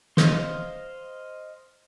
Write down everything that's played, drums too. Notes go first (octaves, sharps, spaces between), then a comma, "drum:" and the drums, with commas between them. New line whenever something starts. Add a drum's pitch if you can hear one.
C5 D#5 F5 C6, drum: snare